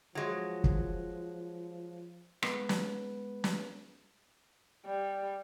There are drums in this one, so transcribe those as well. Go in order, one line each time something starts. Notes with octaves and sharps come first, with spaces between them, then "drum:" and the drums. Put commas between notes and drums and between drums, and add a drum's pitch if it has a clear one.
F3 F#3 G#3
drum: kick
G#3 B3 B4, drum: rim click
drum: snare
drum: snare
G3